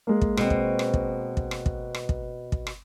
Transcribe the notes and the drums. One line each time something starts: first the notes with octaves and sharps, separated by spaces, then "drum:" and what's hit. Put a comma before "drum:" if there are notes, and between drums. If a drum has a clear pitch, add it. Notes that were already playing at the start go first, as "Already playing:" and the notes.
G#3 A#3
drum: kick
B2 C4, drum: rim click
drum: kick
drum: rim click
drum: kick
drum: kick
drum: rim click
drum: kick
drum: rim click
drum: kick
drum: kick
drum: rim click